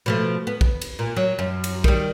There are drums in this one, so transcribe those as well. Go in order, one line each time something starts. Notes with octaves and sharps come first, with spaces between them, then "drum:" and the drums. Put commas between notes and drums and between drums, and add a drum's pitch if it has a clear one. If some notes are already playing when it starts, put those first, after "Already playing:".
B2 F3 A3
B3
drum: kick A#1
drum: cymbal
A#2
F#3
F#2
drum: cymbal
D#3 G3, drum: kick A#1